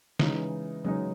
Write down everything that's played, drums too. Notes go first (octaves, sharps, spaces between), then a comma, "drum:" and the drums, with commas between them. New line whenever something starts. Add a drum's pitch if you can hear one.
C#3 E3 G#3 D#4, drum: snare
C#3 F#3 G#3 D#4